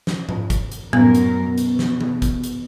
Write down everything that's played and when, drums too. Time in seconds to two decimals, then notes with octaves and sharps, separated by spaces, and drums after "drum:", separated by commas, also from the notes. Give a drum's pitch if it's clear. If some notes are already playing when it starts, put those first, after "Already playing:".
0.07 drum: snare
0.29 drum: tom G#2
0.50 drum: kick, hi-hat
0.72 drum: hi-hat
0.93 F#2 A2 B3 A#4, drum: tom A2
1.15 drum: hi-hat
1.44 B2
1.58 drum: hi-hat
1.79 drum: snare
2.01 drum: tom E3
2.22 drum: kick, hi-hat
2.44 drum: hi-hat